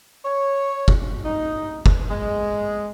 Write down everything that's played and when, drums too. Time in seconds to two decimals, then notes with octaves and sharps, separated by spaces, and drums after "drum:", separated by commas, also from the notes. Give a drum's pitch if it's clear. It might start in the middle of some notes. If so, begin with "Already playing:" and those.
0.25 C#5
0.88 drum: kick
1.25 D#4
1.86 drum: kick
2.10 G#3